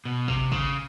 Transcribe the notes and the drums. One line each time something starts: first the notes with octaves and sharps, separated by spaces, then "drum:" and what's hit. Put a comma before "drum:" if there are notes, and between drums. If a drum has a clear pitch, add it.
B2
C3, drum: kick G#1
C#3, drum: kick G#1